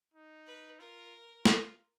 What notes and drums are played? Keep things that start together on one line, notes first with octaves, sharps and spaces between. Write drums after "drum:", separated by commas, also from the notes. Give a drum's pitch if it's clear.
D#4
B4
F4 A#4
F4, drum: snare